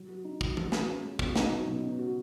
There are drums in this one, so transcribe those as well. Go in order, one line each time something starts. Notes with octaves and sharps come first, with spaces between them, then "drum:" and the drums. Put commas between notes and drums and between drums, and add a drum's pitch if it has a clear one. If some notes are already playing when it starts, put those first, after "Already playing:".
Already playing: F#3
F#4
D#4
F#3, drum: kick
G#3, drum: tom E3
F#4, drum: snare
C#4
G#3
B2, drum: kick
D#4, drum: snare
F#3
B2
C#3
F#4